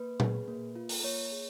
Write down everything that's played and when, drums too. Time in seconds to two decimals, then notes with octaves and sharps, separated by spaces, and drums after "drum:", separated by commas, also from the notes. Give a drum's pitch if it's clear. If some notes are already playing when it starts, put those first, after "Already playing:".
Already playing: A#3 B4
0.20 G#4, drum: tom A#2
0.48 A#3
0.76 F4
0.89 drum: open hi-hat
1.04 A#3 C#5
1.32 G#4